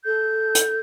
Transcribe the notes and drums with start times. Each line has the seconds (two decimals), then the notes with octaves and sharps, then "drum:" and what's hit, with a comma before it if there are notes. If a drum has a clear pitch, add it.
0.04 A4 G6
0.55 drum: hi-hat